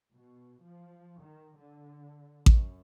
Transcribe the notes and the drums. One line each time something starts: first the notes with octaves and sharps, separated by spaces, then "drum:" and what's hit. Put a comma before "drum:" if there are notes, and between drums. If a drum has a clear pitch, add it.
B2
F3
D#3
D3
F#2, drum: kick A1